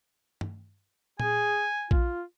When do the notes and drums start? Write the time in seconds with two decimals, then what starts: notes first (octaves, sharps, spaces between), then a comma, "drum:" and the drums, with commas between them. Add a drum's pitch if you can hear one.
0.41 drum: tom G2
1.20 G#4 G#5, drum: tom A#2
1.91 F4, drum: kick A#1